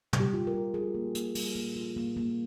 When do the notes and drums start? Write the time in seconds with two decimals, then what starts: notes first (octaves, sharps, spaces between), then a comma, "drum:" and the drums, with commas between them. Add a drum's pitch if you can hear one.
0.13 G3, drum: tom
0.20 G4
0.33 F4
0.47 A#4
0.54 F4
0.74 F4 G#4
0.94 A#3
1.15 A#3, drum: hi-hat
1.35 G3, drum: open hi-hat
1.55 A#3
1.76 F4
1.97 A#3
2.17 A#3